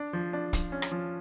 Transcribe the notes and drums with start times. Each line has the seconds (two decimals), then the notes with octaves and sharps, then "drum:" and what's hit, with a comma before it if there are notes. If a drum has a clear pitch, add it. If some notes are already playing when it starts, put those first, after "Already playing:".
Already playing: D4
0.13 F3
0.33 D4
0.53 F3, drum: kick, hi-hat
0.72 C#4
0.82 drum: rim click
0.91 F3